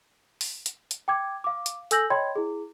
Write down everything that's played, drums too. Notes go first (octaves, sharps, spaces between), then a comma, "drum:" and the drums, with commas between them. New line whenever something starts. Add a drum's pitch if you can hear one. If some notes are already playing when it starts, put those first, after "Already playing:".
drum: open hi-hat
drum: hi-hat
drum: hi-hat
G5 D6 G#6
F5 D6
drum: hi-hat
A4 G#5 E6 G6 A#6 F#7, drum: hi-hat
C#5 D#5 G5 B5 C6 G#6
E4 G#4